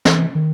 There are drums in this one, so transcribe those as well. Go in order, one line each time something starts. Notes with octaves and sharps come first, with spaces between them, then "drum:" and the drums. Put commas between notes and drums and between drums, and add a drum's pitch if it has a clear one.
E3, drum: snare
D#3